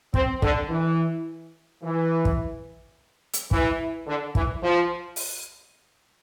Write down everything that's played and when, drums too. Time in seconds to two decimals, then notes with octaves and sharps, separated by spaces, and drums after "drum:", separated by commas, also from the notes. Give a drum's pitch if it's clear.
0.14 C4, drum: kick
0.42 D3, drum: kick
0.70 E3
1.83 E3
2.25 drum: kick
3.33 drum: hi-hat
3.51 E3, drum: kick
4.07 D3
4.35 E3, drum: kick
4.63 F3
5.16 drum: open hi-hat